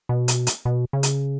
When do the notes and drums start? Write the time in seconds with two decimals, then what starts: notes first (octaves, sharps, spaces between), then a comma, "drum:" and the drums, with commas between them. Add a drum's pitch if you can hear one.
0.09 B2
0.28 drum: hi-hat
0.47 drum: hi-hat
0.65 B2
0.93 C#3
1.03 drum: hi-hat